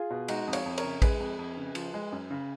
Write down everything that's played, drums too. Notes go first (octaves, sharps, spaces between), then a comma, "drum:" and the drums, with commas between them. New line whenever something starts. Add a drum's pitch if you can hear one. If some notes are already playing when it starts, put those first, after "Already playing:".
Already playing: F4 G#4
B2
G#3 D#4 F#4, drum: cymbal
F2
C#5 F5, drum: cymbal
F2
A#4 C#5, drum: cymbal
C#3
G#3 G#4 B4, drum: kick A1, cymbal
F2
F2
C#3
F3, drum: cymbal
G#3
F#2
C#3